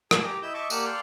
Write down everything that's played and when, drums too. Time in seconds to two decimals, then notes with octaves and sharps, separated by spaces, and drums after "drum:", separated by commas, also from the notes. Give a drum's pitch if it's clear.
0.11 G#4 A5, drum: rim click
0.24 G4 A#5 D6
0.42 E4 D#5 E6 G6
0.54 D#5 E5 A5 C#6 D6
0.70 A#3 G4 D5 F#5 A5, drum: tambourine
0.85 A4 D5 F5 G5 C6 F6